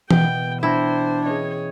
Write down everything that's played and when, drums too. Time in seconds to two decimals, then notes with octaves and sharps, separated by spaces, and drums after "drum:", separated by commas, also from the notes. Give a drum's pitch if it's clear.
0.11 B2 E3 B3 G5, drum: tom E3
0.63 D4 E4 C5 G5 E6 A#6
1.25 C#4 G#4 B4 C#5 D#5